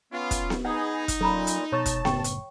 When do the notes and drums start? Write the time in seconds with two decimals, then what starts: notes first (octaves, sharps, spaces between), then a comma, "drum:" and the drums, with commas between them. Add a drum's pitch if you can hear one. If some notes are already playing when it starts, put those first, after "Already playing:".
0.12 B3 C#4 F4
0.31 drum: kick, hi-hat
0.50 drum: snare B3
0.65 B3 D#4 G#4 F#5
1.08 drum: kick, hi-hat
1.21 A#2 F#3 C#4 A4 A#5 B5
1.47 drum: hi-hat
1.72 B2 C#5 A5 C#6 E6
1.86 drum: kick, hi-hat
2.05 F#1 A2 C#3 G5 C#6, drum: snare B3
2.24 drum: hi-hat